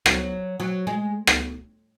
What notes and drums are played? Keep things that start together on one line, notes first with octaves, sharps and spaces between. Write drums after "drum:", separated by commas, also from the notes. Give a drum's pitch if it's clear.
F#3, drum: rim click
F#3
G#3
drum: rim click